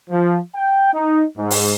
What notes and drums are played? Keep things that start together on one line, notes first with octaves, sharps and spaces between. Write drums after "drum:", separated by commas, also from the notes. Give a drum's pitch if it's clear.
F3
G5
D#4
G#2
drum: open hi-hat